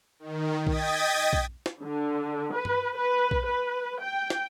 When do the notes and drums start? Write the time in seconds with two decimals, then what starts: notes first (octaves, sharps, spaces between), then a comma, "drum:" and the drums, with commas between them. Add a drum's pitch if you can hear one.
0.19 D#3
0.67 D#5 G5 D#6 G#6 A6 B6, drum: kick A#1
1.33 drum: kick A#1
1.66 drum: snare
1.82 D3
2.54 B4
2.65 drum: tom G2
2.98 B4
3.31 drum: kick A#1
3.47 B4
4.02 G5
4.30 drum: snare